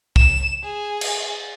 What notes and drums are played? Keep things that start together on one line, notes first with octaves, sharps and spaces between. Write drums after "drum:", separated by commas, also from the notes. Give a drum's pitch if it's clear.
E7, drum: kick
G#4
drum: cymbal